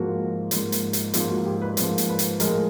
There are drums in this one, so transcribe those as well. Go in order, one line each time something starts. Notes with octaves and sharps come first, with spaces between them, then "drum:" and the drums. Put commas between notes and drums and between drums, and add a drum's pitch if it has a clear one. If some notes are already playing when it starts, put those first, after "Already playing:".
Already playing: G#2 F3 A#3 F#4
G#2 F3 A#3, drum: hi-hat
drum: hi-hat
drum: hi-hat
G#2 F3 A#3 F4, drum: hi-hat
F#4
G4
B4
G#2 F3 A#3, drum: hi-hat
drum: hi-hat
B4
drum: hi-hat
A2 F3 G#3 A#4, drum: hi-hat